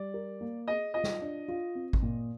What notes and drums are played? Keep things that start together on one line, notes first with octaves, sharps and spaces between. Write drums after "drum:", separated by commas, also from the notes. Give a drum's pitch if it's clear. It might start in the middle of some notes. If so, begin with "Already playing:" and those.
Already playing: G3 D5
A#4
A#3
G#4 D#5
F4 D#5
drum: snare
D4
F4
C4
drum: kick G#1
A#2